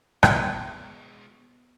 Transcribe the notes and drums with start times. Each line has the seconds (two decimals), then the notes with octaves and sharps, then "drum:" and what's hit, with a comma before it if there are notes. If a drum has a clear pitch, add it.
0.23 B2 G#3 B3, drum: rim click